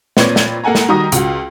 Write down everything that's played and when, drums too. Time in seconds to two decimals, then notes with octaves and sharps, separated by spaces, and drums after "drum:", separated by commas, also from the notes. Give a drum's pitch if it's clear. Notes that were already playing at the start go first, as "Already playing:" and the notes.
0.17 A#2 C4 B4 C#5 D5 G#6, drum: snare
0.36 drum: snare
0.64 A#3 A4 F#5 G#5 A#5
0.75 drum: snare
0.89 D#3 G3 F#4 A#5 D#6 A#6
1.12 C#2 F4 F#4, drum: hi-hat